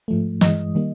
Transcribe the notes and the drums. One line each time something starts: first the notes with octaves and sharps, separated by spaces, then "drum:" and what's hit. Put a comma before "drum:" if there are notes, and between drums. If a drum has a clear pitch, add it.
G#2 F3 A3
G2 E3 G#3 D#5, drum: snare
D#3 G3 A#3